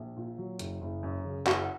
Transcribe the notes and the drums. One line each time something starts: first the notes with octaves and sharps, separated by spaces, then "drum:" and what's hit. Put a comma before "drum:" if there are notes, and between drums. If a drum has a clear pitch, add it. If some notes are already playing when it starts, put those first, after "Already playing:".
Already playing: A#1
A#2
F#3
F#1, drum: hi-hat
F#1
F#2
C#3
F#1 F#4, drum: clap